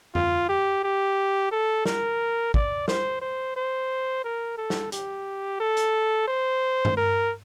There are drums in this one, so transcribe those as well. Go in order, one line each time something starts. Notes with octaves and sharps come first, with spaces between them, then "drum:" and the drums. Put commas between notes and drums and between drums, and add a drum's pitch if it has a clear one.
F4, drum: tom F2
G4
G4
A4
A#4, drum: snare
D5, drum: kick
C5, drum: snare
C5
C5
A#4
A4
drum: snare
G4, drum: hi-hat
A4
drum: hi-hat
C5
drum: tom G2
A#4